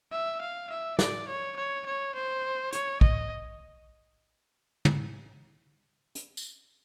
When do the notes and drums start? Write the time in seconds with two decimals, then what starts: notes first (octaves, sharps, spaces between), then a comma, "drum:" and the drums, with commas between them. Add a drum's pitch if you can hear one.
0.12 E5
0.41 F5
0.70 E5
0.99 D5, drum: snare
1.28 C#5
1.56 C#5
1.86 C#5
2.15 C5
2.73 C#5, drum: hi-hat
3.01 D#5, drum: kick A#1
4.85 drum: tom
6.15 drum: hi-hat
6.37 drum: tambourine